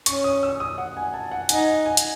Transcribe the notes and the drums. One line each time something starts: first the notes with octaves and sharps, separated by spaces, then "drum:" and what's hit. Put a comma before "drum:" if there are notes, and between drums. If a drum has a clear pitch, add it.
C#4 C#6, drum: hi-hat
D#6
E6
D#6
F#5
G#5
A5
F#5
D#4 G#5, drum: hi-hat
F#5
G#5
drum: hi-hat